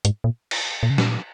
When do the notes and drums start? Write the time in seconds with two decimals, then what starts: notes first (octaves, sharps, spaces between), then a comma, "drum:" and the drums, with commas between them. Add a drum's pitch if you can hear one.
0.05 G#2, drum: hi-hat
0.24 A#2
0.51 drum: cymbal
0.83 A#2
0.90 C#3
0.98 A#2, drum: snare